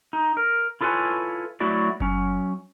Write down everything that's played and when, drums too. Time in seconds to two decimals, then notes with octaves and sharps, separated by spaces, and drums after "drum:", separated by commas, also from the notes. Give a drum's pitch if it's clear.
0.13 D#4
0.37 A#4
0.81 E4 F4 A4 B4 C#5 G#5
1.60 F#3 A3 E4 F#4 D5
2.00 F#3 C#4, drum: kick F#1